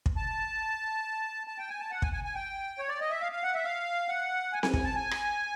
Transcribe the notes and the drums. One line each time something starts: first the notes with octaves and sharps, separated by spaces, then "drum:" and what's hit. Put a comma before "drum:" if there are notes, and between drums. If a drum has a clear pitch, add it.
drum: kick
A5
A5
G5
G#5
A5
F#5
G#5, drum: kick
G#5
G#5
G5
C#5
D5
D#5
E5
F5
F5
F#5
E5
F5
F#5
G#5
G#5, drum: snare C4
G#5, drum: kick
A5
G#5
drum: rim click